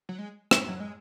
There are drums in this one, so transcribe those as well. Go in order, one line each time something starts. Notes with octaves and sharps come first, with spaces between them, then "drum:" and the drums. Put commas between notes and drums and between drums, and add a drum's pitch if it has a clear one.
F#3
G#3
G#3, drum: rim click
F#3
G#3